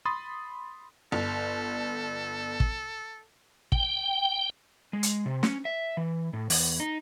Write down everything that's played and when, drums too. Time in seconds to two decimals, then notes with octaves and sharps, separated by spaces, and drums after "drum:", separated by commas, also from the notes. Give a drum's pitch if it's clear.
0.05 B5 C6 D#6 A6
1.12 G1 A4
2.60 drum: kick
3.72 G5, drum: kick
4.93 G#3
5.03 drum: hi-hat
5.26 C3
5.43 C#4, drum: snare
5.65 E5
5.97 E3
6.33 A2
6.50 E2, drum: open hi-hat
6.80 D#4